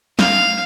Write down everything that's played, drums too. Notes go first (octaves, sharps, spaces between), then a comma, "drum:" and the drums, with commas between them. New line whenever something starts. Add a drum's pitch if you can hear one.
F5, drum: snare